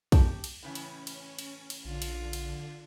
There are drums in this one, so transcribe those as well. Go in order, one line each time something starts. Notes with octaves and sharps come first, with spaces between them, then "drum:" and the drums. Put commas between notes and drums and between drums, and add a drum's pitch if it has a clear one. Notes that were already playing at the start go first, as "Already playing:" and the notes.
D#4 G4 A5, drum: kick, cymbal
drum: cymbal
A2 C#3 E3 C#4
drum: cymbal
drum: cymbal
drum: cymbal
drum: cymbal
A#1 D3 F4
drum: cymbal
drum: cymbal